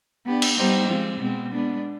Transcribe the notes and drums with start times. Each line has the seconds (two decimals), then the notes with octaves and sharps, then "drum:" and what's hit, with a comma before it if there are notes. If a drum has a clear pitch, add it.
0.25 B3 D4 G4
0.42 drum: cymbal
0.57 G3 B3 D#4 G4 C5
0.88 F3 G#3 C4
1.20 B2 G#3 C4
1.51 G#3 B3 D4